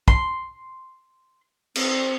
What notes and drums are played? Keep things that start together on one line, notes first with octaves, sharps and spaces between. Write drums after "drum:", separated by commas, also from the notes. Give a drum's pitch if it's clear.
C6, drum: kick
C4, drum: cymbal